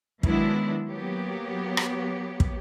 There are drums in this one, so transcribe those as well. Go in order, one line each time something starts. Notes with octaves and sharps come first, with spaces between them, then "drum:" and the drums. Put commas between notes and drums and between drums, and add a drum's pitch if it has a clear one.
D#3 F#3 G#3 B3 D4 E4, drum: kick
F#3 A#3 B3 G4 C#5
drum: rim click
drum: kick